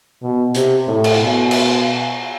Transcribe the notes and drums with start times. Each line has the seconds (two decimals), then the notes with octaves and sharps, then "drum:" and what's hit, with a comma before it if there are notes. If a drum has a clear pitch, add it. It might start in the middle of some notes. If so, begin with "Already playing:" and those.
0.22 B2
0.54 C3, drum: hi-hat
0.88 A2
1.04 drum: cymbal
1.20 B2
1.51 drum: cymbal